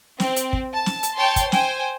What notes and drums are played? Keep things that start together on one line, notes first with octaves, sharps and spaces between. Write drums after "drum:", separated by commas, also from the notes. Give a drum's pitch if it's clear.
C4, drum: snare
drum: hi-hat
drum: kick
A5
drum: snare
drum: hi-hat
C#5 G5 A5 C6
drum: kick, hi-hat
C5 G5 G#5, drum: snare